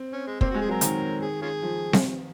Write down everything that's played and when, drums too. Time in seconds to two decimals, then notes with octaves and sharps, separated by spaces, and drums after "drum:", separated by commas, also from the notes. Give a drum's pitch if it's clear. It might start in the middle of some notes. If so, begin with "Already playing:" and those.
Already playing: C4
0.13 C#4
0.27 G#3
0.41 A#3 C4, drum: kick
0.51 G#3 F#4
0.61 G#4
0.68 F#3 A#4
0.81 D#3, drum: hi-hat
1.22 G#4
1.42 C#4 F4 G#4
1.62 F3
1.93 drum: snare C4